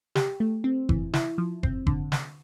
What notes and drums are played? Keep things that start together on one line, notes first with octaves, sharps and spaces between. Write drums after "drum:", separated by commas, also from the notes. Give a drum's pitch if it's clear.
G4, drum: snare
A3
C4
E3, drum: kick F#1
E4, drum: snare
F3
C4, drum: kick F#1
D3, drum: kick F#1
drum: snare